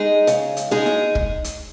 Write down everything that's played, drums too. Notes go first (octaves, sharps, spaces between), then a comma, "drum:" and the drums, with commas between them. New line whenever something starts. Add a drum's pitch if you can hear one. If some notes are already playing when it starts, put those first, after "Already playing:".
Already playing: G#3 D#4 G#4
C#3, drum: hi-hat
drum: hi-hat
G#3 D#4 G#4
drum: snare E4
drum: kick
drum: hi-hat